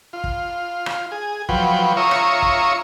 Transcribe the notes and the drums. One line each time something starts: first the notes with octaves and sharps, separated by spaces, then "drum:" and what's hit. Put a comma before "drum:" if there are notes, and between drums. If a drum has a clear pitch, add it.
F4
drum: kick
drum: rim click
G#4
F3 F#3 B4 G5, drum: kick
F4 C#5 E5 A#5 C#6 D#6
drum: rim click
drum: kick